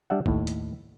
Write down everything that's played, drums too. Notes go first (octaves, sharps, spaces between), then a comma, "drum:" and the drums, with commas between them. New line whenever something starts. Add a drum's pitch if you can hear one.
G3 D4 E5 F#5
D#2 A2, drum: kick
drum: hi-hat